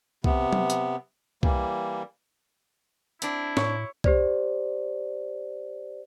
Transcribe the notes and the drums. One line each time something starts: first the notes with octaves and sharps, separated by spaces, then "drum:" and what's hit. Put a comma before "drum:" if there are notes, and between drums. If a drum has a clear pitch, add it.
C3 B3, drum: kick
drum: tom
drum: hi-hat
E3 G3 A#3, drum: kick
C4 D4 E4, drum: hi-hat
A2 C#5, drum: snare
G4 C5 D5, drum: kick